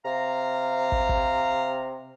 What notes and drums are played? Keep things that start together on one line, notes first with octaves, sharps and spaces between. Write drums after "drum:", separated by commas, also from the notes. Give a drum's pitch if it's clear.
C3 F5 A#5
drum: kick
drum: kick